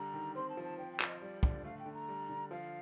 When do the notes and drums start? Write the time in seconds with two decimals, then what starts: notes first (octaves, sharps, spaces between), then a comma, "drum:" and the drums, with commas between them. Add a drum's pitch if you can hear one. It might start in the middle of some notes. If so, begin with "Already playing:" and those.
Already playing: D3 G3 A#5
0.14 D#3
0.36 C4 C6
0.49 A5
0.57 F3
0.64 A5
0.78 C4 G5
0.93 G5
1.00 F3 F5, drum: clap
1.07 D#5
1.22 G3 D5
1.43 D3 D5, drum: kick
1.64 A3 F5
1.79 G5
1.86 D3
1.94 A#5
2.08 G3
2.29 D3
2.51 F3 F5